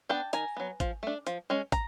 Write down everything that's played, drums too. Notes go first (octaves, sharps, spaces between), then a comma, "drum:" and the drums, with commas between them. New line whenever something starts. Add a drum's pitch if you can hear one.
B3 D4 G5 A5
D#3 G#5 A#5, drum: hi-hat
F#3 B3
F3, drum: kick, hi-hat
A3 D4
F3, drum: hi-hat
G#3 C#4
A#5, drum: kick, hi-hat